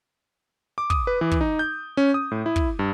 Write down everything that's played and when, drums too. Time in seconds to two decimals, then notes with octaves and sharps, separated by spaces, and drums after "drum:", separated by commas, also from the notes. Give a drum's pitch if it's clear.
0.78 D6
0.90 D#6, drum: kick
1.07 B4
1.21 E3
1.31 drum: kick
1.41 D#4
1.59 G6
1.97 C#4
2.14 D#6
2.31 A2
2.46 E4
2.56 drum: kick
2.79 G2